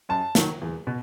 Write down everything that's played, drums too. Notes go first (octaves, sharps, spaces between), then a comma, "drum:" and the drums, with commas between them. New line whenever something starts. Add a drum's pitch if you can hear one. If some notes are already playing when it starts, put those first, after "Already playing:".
F#2 A5
D#3 F#3, drum: snare
E2
B2